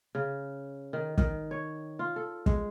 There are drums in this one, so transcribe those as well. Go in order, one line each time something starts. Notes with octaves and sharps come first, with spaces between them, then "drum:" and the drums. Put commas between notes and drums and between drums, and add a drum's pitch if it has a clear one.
C#3
D#3
D#3, drum: kick
C#5
F4
A4
G#3, drum: kick